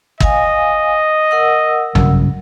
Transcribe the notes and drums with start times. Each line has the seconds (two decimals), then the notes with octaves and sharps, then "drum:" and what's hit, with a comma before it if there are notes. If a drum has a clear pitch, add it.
0.20 D#5 F5 G#5, drum: kick G1
1.31 A#4 F#5 E6
1.95 G2 C#3 F#3, drum: tom